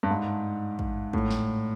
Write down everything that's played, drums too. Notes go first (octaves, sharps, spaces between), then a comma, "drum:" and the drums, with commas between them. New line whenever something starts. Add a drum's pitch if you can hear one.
G2
G#2
drum: kick
A2, drum: kick
drum: snare